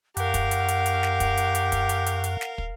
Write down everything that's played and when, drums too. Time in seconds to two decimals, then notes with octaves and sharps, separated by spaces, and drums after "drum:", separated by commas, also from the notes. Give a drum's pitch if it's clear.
0.17 F#2 G4 A#4 F5 F#5, drum: hi-hat
0.34 drum: kick, hi-hat
0.51 drum: hi-hat
0.68 drum: hi-hat
0.86 drum: hi-hat
1.03 drum: snare
1.20 drum: kick, hi-hat
1.37 drum: hi-hat
1.55 drum: hi-hat
1.72 drum: kick, hi-hat
1.89 drum: hi-hat
2.06 drum: hi-hat
2.24 drum: hi-hat
2.41 drum: snare
2.58 drum: kick